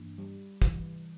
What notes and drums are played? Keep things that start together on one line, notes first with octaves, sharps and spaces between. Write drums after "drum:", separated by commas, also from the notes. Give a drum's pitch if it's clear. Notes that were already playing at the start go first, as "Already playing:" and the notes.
Already playing: G2 E3 A#3 D4
G3
E3, drum: kick, hi-hat